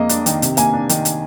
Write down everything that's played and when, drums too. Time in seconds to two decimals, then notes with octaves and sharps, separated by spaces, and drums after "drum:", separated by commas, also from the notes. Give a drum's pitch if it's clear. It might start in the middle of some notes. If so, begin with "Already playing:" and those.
Already playing: F2 G#3 A#3 D#5
0.09 D4, drum: hi-hat
0.26 D#3, drum: hi-hat
0.42 C3, drum: hi-hat
0.57 A#3 G#5, drum: hi-hat
0.73 D4
0.89 D#3, drum: hi-hat
1.05 drum: hi-hat